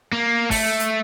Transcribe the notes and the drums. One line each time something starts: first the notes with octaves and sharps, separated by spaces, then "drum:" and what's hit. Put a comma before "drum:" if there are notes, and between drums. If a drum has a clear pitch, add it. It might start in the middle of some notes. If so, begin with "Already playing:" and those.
A#3
A3, drum: kick, open hi-hat
drum: hi-hat